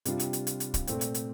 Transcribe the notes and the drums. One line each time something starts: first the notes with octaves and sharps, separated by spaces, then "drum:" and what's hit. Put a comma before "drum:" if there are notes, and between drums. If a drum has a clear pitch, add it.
C3 G3 D4 F4, drum: hi-hat
drum: hi-hat
drum: hi-hat
drum: hi-hat
drum: hi-hat
drum: kick, hi-hat
A#2 A3 C4, drum: hi-hat
drum: hi-hat
drum: hi-hat